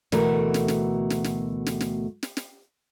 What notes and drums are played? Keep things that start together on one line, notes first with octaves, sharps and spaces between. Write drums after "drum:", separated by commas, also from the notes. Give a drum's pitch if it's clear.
D2 B2 E3 A3 F#4 A#4, drum: snare
drum: snare
drum: snare
drum: snare
drum: snare
drum: snare
drum: snare
drum: snare
drum: snare